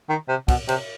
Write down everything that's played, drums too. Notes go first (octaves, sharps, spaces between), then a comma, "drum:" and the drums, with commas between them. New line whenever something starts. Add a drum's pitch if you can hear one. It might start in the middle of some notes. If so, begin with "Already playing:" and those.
D#3
C3
B2, drum: kick, cymbal
C3, drum: cymbal